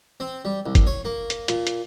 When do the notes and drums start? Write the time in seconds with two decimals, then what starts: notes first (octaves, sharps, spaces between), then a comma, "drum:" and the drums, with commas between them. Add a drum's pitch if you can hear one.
0.20 C4
0.45 G3
0.66 C2
0.75 drum: kick, hi-hat
0.87 C#5
1.05 A#3
1.30 drum: hi-hat
1.48 A#2, drum: hi-hat
1.67 drum: hi-hat